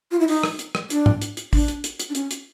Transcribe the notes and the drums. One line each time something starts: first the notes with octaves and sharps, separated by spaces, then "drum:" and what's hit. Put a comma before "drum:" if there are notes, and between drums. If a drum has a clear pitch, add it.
F4
E4
D#4, drum: open hi-hat
drum: rim click
drum: hi-hat
drum: rim click
D4, drum: hi-hat
drum: tom G#2
drum: hi-hat
drum: hi-hat
D4, drum: kick, open hi-hat
drum: hi-hat
drum: hi-hat
drum: hi-hat
D4
C#4, drum: hi-hat
drum: hi-hat